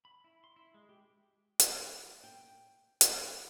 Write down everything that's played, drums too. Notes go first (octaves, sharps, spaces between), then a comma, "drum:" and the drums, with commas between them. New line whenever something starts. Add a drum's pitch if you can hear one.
B5
E4
C6
E4
G#3
G4
drum: hi-hat
G5
drum: hi-hat